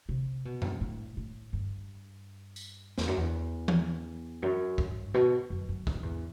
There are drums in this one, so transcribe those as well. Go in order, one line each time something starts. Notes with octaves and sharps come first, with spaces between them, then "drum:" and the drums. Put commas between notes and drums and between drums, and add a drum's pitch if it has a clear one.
C3
B2
drum: tom F#2
A2
A2
G2
drum: tambourine
E2, drum: snare
F#2
E2
drum: tom E3
F#2
G2, drum: kick
B2
F#2
F#2
E2, drum: kick
F#2
E2